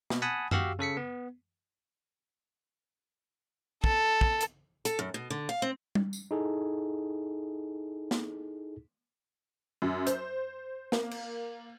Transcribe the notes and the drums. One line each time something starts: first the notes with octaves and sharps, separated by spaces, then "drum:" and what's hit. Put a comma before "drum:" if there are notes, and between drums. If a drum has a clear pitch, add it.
B2, drum: snare
F#5 G#5 A5 B5 D#6
F#4 G4 F5 E6, drum: tom F#2
C#3 A4 B6 C#7
B3
A4, drum: kick
drum: kick
drum: hi-hat
A4, drum: hi-hat
F#2
B2
D3
F5
C4
drum: tom G3
drum: tambourine
D#4 E4 G#4 A4
drum: snare
F#2
C5, drum: hi-hat
A#3, drum: snare
drum: cymbal